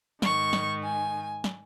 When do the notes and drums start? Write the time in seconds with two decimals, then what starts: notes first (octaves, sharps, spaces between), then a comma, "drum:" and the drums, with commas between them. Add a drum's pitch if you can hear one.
0.22 G#2 D#3 C#6, drum: snare
0.53 drum: snare
0.83 G#5
1.44 drum: snare